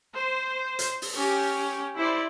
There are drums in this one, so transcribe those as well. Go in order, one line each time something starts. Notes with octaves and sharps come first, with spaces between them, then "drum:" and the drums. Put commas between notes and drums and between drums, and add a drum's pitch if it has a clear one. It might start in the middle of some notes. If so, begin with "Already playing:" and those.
C5
drum: hi-hat
drum: open hi-hat
C#4 G4
E4 C5 D5